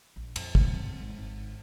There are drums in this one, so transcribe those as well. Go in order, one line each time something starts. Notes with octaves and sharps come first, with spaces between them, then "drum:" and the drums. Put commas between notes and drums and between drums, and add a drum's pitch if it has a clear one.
A#1
F2, drum: cymbal
C3, drum: kick
G2 C4
G#1
G#1 D#4